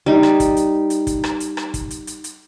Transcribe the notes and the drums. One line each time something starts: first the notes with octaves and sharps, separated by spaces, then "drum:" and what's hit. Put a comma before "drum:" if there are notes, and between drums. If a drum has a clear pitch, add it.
G3 D#4
drum: rim click
drum: kick, hi-hat
drum: hi-hat
drum: hi-hat
drum: kick, hi-hat
drum: rim click
drum: hi-hat
drum: rim click
drum: kick, hi-hat
drum: hi-hat
drum: hi-hat
drum: hi-hat